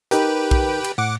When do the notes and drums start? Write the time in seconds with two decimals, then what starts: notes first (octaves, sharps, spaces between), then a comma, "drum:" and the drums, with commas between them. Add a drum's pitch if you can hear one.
0.11 D#4 G4 A#4 B4 G5, drum: hi-hat
0.51 drum: kick B1
0.84 drum: cymbal
0.98 A2 F#5 D6